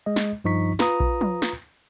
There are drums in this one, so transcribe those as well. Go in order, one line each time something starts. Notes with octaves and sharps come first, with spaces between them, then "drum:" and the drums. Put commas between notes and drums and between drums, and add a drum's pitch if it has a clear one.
G#3 D#5
drum: snare
G2 F3 D#4 C#6 B6
F4 B4 A#5 D#6, drum: snare
drum: kick A#1
drum: tom F3
drum: snare